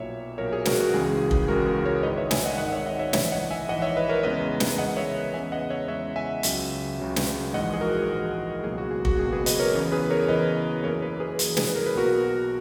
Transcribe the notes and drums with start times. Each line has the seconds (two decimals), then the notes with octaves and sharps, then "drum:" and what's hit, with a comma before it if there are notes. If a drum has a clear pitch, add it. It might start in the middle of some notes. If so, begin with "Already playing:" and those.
Already playing: B1 A#2 F#3 A#3 C#5 E5
0.38 B1 A#2 F#3 A#3 A#4 C#5
0.53 G#4
0.65 F#4 A#4, drum: snare
0.80 F#4
0.94 C#2 C#3 E3 G#3 G#4
1.31 drum: kick
1.48 C#2 C#3 E3 G#3 F#4 A#4
1.67 G#4
1.85 A#4 C#5
2.03 G#1 G#2 D#3 B4 D#5
2.17 C#5 E5
2.31 E5 G#5, drum: snare
2.44 D#5 F#5
2.58 G#1 G#2 D#3 D#5 F#5
2.68 D#5
2.72 C#5 E5
2.86 D#5 F#5
2.99 C#5 E5
3.13 A#1 G#2 E3 C#5 E5, drum: snare
3.32 D#5 F#5
3.51 E5 G#5
3.69 A#1 G#2 E3 D#5 F#5
3.82 C#5 E5
3.96 B4 D#5
4.09 A#4 C#5
4.23 E2 C#3 G#3 B4 D#5
4.60 drum: snare
4.78 E2 C#3 G#3 D#5 F#5
4.97 C#5 E5
5.33 E2 C#3 G#3 E5 G#5
5.52 D#5 F#5
5.70 C#5 E5
5.88 E2 C#3 G#3 C#5 E5
6.16 E5 G#5
6.43 C#2 C#3 F#3, drum: hi-hat
6.99 C#2 C#3 F#3
7.16 drum: snare
7.53 A#1 G#2 E3 G#3 D#5 F#5
7.73 G#4
7.81 F#4 A#4
8.09 A#1 G#2 E3 G#3
8.63 C#2 B2 F#3 A#3 G#4
8.78 F#4
8.91 G#4
9.05 F#4, drum: kick
9.19 C#2 B2 F#3 A#3 G#4
9.33 G#4 B4
9.46 B4 D#5, drum: hi-hat
9.60 A#4 C#5
9.74 E2 C#3 E3
9.92 G#4 B4
10.10 A#4 C#5
10.28 E2 C#3 E3 B4 D#5
10.83 F#2 E3 A#3 A#4 C#5
11.02 G#4 B4
11.20 G#4 B4
11.39 F#2 E3 A#3, drum: hi-hat
11.57 G#4 B4, drum: snare
11.75 A#4
11.87 B4
11.93 B1 B2 A#3 F#4 A#4